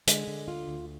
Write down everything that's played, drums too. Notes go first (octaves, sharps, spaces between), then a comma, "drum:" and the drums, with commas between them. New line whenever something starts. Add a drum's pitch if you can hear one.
D3 G#3, drum: hi-hat
D3
D2 F4
D2